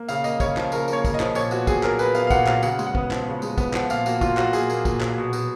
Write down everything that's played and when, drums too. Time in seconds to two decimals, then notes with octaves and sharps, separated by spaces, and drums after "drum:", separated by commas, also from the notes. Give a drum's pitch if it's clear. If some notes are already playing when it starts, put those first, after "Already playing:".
Already playing: A#3
0.08 C#3 F5, drum: tambourine
0.24 A#3 D#5, drum: tambourine
0.40 C#3 C#5, drum: kick, tambourine
0.57 F3, drum: clap
0.72 C#3 A#4, drum: tambourine
0.88 A#3, drum: tambourine
0.93 C#5
1.05 C#3, drum: kick, tambourine
1.14 D#5
1.20 F3, drum: clap
1.35 A#2 C#5, drum: tambourine
1.51 B3 F#4, drum: tambourine
1.67 A#2 G#4, drum: kick, tambourine
1.83 F#3 A#4, drum: clap
1.99 A#2 B4, drum: tambourine
2.15 B3 F5, drum: tambourine
2.27 F5
2.30 A#2 F#5, drum: kick, tambourine
2.47 F#3 F5, drum: clap
2.62 C#3 F#5, drum: tambourine
2.79 G#3, drum: tambourine
2.87 F#5
2.95 B3, drum: kick
3.11 F3, drum: clap
3.27 C#3
3.42 G#3, drum: tambourine
3.58 B3, drum: kick, tambourine
3.73 F3 F#5, drum: clap
3.90 A#2 F5, drum: tambourine
4.06 A#3 F#4, drum: tambourine
4.21 A#2 F4, drum: kick, tambourine
4.37 F#3 F#4, drum: clap
4.53 A#2 G#4, drum: tambourine
4.70 A#3, drum: tambourine
4.85 A#2, drum: kick, tambourine
5.01 F#3, drum: clap
5.17 B2
5.33 B2, drum: tambourine